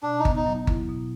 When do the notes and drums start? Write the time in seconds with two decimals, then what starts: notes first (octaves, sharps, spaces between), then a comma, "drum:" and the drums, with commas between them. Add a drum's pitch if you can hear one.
0.03 B2 D4
0.19 D#4
0.25 B3, drum: kick G1
0.36 D#4
0.46 F#3
0.67 E4, drum: kick G1
0.89 B2